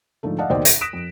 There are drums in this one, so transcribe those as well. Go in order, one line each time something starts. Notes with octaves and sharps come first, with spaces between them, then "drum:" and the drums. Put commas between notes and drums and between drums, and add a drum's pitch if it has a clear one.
G#2 D3 F3 A3
D5 D#5 F5 F#5 A5
D#2 B2 C5 D5 D#5 G5
A#6, drum: hi-hat
D#6 F#6 B6 D7 E7
F2